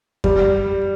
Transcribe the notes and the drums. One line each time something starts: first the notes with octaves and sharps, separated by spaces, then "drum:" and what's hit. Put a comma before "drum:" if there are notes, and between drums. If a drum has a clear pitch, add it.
G3, drum: kick F2